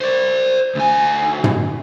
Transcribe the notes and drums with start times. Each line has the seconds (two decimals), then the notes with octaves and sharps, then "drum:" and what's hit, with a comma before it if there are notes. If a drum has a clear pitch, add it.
0.01 C5 D5
0.75 D2 G#5
1.44 drum: tom